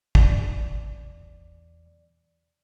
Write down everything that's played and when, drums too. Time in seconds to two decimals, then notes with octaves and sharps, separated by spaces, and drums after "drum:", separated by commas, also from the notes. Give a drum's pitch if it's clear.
0.15 E2 D5, drum: kick